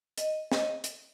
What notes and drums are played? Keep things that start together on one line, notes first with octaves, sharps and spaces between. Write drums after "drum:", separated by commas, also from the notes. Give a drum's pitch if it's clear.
D#5, drum: hi-hat
D#5, drum: snare
drum: hi-hat